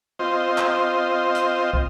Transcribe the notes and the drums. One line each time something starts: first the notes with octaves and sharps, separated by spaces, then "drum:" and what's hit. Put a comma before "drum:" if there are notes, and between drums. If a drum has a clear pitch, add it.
C4 F4 C5 D#5
drum: clap
drum: hi-hat
drum: kick